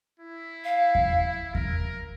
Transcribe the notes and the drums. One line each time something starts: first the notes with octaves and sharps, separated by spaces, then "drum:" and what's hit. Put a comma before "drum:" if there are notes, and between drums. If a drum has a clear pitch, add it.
E4
F5
drum: kick E2
A#4, drum: kick E2